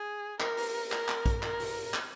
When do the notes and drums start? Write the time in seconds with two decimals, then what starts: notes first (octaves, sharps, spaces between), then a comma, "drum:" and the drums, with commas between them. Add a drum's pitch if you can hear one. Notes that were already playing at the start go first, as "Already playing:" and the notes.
Already playing: G#4
0.40 A#4, drum: clap
0.57 drum: open hi-hat
0.92 A#4, drum: clap
1.09 drum: clap
1.26 drum: kick A#1, hi-hat
1.43 A#4, drum: clap
1.60 drum: open hi-hat
1.94 drum: clap